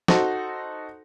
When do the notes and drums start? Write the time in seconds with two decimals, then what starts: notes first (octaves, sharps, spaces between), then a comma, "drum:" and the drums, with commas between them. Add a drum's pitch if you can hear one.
0.08 D#4 F#4 A4 C5, drum: snare